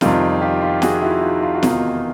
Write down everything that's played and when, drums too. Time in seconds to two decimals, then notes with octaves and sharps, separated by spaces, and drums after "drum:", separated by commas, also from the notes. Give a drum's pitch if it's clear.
0.01 F2 C3 D#3 G3 D#4 F4, drum: snare
0.41 F4 G4
0.62 F4 G4
0.82 F#4 G#4, drum: snare
1.02 E4 F#4
1.23 D#4 F4
1.42 F4
1.55 F#4
1.63 E1 E2 C3 D#3 D#4 F4, drum: snare